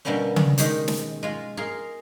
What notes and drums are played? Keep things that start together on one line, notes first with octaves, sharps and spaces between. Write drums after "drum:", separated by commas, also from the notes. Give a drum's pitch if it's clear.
B2 D3 G3 A#3 B3 C#4
drum: tom C#3
D#3 G#3 G4 G#4 C#5, drum: hi-hat
drum: snare
G#3 F4
G#4 A#4 F5 C6